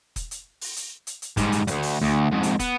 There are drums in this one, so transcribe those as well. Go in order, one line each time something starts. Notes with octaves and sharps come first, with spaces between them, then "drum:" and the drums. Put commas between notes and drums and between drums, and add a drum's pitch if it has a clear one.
drum: kick, hi-hat
drum: hi-hat
drum: open hi-hat
drum: hi-hat
drum: hi-hat
drum: hi-hat
G#2 G3, drum: kick, hi-hat
drum: hi-hat
D2 G2, drum: hi-hat
drum: open hi-hat
D2
F2 G#2
drum: hi-hat
B3, drum: kick, hi-hat